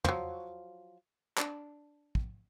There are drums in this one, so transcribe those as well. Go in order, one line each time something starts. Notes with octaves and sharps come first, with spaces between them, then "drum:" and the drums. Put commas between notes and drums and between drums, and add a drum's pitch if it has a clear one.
F3 F#3, drum: tom
D4, drum: clap
drum: kick